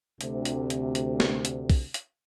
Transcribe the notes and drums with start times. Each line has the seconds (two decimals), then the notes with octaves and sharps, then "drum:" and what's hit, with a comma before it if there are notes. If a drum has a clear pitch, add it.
0.21 D2 C3, drum: hi-hat
0.45 drum: hi-hat
0.70 drum: hi-hat
0.95 drum: hi-hat
1.20 drum: snare
1.45 drum: hi-hat
1.70 drum: kick, open hi-hat
1.94 drum: hi-hat